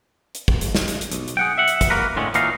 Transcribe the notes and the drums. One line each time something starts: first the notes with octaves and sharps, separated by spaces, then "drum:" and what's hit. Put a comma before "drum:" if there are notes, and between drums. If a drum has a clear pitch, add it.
drum: hi-hat
drum: kick
drum: hi-hat
drum: snare
drum: hi-hat
drum: hi-hat
B1, drum: hi-hat
drum: hi-hat
G#4 F#5 G5
E5 F#5
drum: hi-hat
drum: kick, hi-hat
A#3 F#4 A#4 B4
A2 D3 G#3 C4 C#4
A#2 E3 F#3 D4 D#4 F5, drum: hi-hat